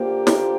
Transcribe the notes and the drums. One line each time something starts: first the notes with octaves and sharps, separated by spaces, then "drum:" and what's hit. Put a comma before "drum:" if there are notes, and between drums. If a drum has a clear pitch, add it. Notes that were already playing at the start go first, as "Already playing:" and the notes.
Already playing: D3 A#3 F4 G4 C5
A#3 F4 C5, drum: snare